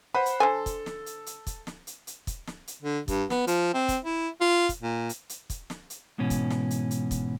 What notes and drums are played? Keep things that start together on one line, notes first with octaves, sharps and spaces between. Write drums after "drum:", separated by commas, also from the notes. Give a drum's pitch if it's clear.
B4 C5 F#5 B5
drum: hi-hat
D3 A4 C5 G#5
drum: kick, hi-hat
drum: snare
drum: hi-hat
drum: hi-hat
drum: kick, hi-hat
drum: snare
drum: hi-hat
drum: hi-hat
drum: kick, hi-hat
drum: snare
drum: hi-hat
D3
G2, drum: kick, hi-hat
B3, drum: snare
F3, drum: hi-hat
C4
drum: kick, hi-hat
E4
F4
drum: kick, hi-hat
A#2
drum: hi-hat
drum: hi-hat
drum: kick, hi-hat
drum: snare
drum: hi-hat
G#2 B2 E3 C#4
drum: kick, hi-hat
drum: snare
drum: hi-hat
drum: hi-hat
drum: kick, hi-hat